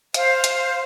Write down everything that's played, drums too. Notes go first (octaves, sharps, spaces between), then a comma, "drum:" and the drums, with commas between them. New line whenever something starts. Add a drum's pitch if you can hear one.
C5 F5, drum: hi-hat
drum: hi-hat